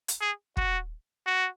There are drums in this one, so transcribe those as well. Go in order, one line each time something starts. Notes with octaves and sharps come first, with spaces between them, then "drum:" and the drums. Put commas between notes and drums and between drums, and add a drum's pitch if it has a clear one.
drum: hi-hat
G#4
F#4, drum: kick
F#4